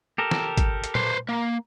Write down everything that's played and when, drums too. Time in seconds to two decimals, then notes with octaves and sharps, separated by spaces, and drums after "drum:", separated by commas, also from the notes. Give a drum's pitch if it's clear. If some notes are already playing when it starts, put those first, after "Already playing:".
0.18 G4 A4 A#4
0.31 drum: snare
0.57 drum: kick, hi-hat
0.84 drum: hi-hat
0.95 B4 C5, drum: tom A#2
1.29 A#3